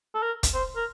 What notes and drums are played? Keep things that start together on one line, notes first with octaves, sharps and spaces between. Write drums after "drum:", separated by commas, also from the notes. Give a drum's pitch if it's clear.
A4
A#4
drum: kick, hi-hat
C5
A#4